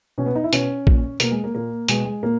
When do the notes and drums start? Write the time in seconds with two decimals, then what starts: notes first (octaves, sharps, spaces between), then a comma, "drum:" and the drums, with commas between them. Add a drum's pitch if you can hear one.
0.18 B2 C#4
0.26 B3
0.35 D#4
0.44 E4
0.53 B2 C#4, drum: hi-hat
0.87 A#2, drum: kick
1.20 B2 A#3, drum: hi-hat
1.31 G#3
1.44 A#3
1.55 A#2 A#3
1.88 B2 G#3, drum: hi-hat
2.05 G#3
2.23 A#2 A#3